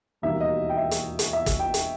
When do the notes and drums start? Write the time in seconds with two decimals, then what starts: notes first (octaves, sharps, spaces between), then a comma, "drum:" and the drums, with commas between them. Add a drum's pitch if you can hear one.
0.22 E1 D#2 D#3 G3 A#3 E5
0.40 D#5
0.69 G5
0.77 E5
0.91 drum: hi-hat
1.19 drum: hi-hat
1.33 E5
1.46 drum: kick, hi-hat
1.59 G5
1.74 drum: hi-hat